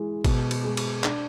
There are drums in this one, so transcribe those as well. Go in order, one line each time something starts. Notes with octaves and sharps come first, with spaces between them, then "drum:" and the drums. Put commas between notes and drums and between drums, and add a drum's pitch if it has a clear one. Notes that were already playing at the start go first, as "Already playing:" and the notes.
Already playing: E3 G#3
B2, drum: kick, cymbal
drum: cymbal
G#3
drum: cymbal
D4, drum: clap